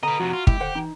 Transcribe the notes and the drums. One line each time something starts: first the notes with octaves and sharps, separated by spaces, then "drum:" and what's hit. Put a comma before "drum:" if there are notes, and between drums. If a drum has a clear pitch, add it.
D3 B4 D#5 A#5
F2 C3 F#4
F4
G#3 E4 G4, drum: kick
D3 C5 F#5
E3 D#4